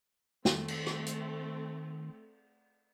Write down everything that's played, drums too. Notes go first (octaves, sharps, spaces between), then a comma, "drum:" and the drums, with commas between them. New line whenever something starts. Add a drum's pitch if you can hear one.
D#3 A3 C4, drum: snare
drum: cymbal
drum: rim click
drum: hi-hat